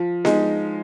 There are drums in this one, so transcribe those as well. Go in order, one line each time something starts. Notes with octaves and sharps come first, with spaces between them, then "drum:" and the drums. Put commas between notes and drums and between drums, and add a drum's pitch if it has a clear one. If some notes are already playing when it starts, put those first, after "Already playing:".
Already playing: F3
G#3 D#4, drum: snare B3